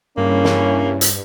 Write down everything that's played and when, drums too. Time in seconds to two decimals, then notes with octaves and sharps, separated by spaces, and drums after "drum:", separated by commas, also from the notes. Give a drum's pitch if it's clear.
0.17 G2 C#3 A#3 C#4 E4
0.44 drum: snare
1.01 drum: hi-hat